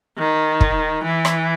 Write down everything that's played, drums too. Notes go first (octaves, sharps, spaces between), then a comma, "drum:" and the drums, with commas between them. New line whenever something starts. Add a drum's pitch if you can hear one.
D#3
drum: kick
E3
drum: rim click